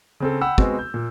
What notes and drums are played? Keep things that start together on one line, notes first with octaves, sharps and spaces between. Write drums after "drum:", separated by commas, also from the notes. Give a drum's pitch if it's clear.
C#3 C4 A4
F#5 G5 B5 E6
G#3 B3 C4 F#4, drum: kick
G6
A#2